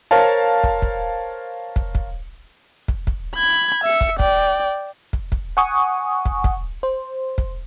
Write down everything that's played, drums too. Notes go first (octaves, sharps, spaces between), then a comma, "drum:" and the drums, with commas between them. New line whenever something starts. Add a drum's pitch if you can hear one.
A#4 C5 C#5 F5 A5
drum: kick
drum: kick
drum: kick
drum: kick
drum: kick
drum: kick
B5 G#6
E5 C#7
drum: kick
D5 G5, drum: kick
drum: kick
drum: kick
F#5 G#5 C#6 D#6
drum: kick
drum: kick
C5
drum: kick